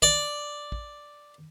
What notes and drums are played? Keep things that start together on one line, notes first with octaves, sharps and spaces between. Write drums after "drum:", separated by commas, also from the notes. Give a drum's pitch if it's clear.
D5, drum: kick
drum: kick